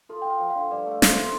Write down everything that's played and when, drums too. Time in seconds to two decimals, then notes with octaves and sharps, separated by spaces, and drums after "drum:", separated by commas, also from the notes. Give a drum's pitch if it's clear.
0.09 F4 A4
0.22 G5
0.25 F4
0.30 F5
0.40 F3
0.50 F5
0.56 D3
0.70 G2 D5
0.86 A3
0.91 F5
1.02 F3, drum: snare
1.12 F4 C5